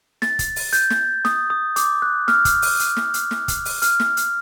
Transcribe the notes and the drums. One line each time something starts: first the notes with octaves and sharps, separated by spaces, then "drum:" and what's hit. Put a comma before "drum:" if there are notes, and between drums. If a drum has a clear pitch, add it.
A6, drum: snare
drum: kick, hi-hat
drum: open hi-hat
G6, drum: hi-hat
drum: snare
D#6, drum: snare
D#6
D6, drum: hi-hat
F#6
F6, drum: snare
drum: kick, hi-hat
drum: open hi-hat
drum: hi-hat
drum: snare
drum: hi-hat
drum: snare
drum: kick, hi-hat
drum: open hi-hat
F6, drum: hi-hat
drum: snare
drum: hi-hat